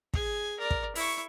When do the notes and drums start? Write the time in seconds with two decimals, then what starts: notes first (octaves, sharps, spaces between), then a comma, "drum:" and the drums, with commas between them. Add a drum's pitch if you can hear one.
0.14 G#4 G#5, drum: kick
0.59 A#4 D5
0.71 drum: kick
0.95 E4 C#6, drum: open hi-hat